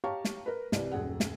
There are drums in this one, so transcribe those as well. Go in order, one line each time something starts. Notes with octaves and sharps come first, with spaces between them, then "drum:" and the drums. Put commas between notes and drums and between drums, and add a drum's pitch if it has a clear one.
G4 C#5 F5 A5 A#5 C#6
drum: snare
A#4 B4
C2 C3 E3 D5, drum: snare
D#1 F#2 G#4 F#5
drum: snare